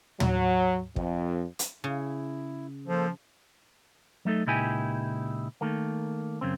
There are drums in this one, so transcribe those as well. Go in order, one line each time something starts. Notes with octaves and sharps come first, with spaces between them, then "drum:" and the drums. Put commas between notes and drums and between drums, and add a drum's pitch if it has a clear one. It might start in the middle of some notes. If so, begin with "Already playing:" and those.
F#3, drum: tom
F2, drum: kick
drum: hi-hat
C#3 E4
F3 A#3 A4 C5
F#3 A3 D#4 A4
C#2 A#2 D#4 E4 G4 G#5
D#3 A3 A#3
F#2 C#3 C4